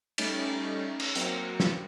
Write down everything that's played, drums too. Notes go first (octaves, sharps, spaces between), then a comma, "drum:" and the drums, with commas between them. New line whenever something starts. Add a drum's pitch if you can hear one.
G3 A3 C#4 D#4, drum: cymbal
drum: cymbal
F#3 A#3 C4 C#7, drum: hi-hat
drum: snare